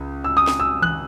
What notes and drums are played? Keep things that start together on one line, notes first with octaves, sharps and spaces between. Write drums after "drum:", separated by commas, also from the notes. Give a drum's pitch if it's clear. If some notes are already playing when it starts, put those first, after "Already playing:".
Already playing: C#2
E6
D#6
drum: snare
E6
F#6, drum: tom D#3